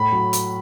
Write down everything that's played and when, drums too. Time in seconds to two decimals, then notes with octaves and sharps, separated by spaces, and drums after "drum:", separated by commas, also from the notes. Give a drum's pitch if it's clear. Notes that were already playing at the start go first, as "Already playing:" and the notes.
Already playing: A2 B5
0.12 F#3
0.33 drum: hi-hat